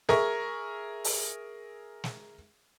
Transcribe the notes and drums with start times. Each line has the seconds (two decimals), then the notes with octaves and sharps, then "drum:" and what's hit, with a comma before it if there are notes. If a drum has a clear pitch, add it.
0.09 G#4 A#4 E5 C#6, drum: snare
1.04 drum: open hi-hat
2.04 drum: snare